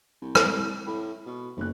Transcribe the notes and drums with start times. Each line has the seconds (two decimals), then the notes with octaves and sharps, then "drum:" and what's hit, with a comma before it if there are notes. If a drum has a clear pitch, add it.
0.21 C2
0.35 drum: rim click
0.87 A2 B5
1.26 B2
1.57 F#1 B1 F#6